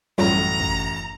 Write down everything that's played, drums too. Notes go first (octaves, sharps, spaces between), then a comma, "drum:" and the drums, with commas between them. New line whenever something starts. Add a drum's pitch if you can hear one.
A1 F#2 A2 F#3 G3 F4 A#5
drum: kick